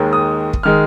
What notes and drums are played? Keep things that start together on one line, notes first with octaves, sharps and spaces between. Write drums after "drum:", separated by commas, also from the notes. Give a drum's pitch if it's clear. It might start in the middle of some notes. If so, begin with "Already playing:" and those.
Already playing: D#2 D#3 G#3
D#6
drum: kick
D#3 G#3 F6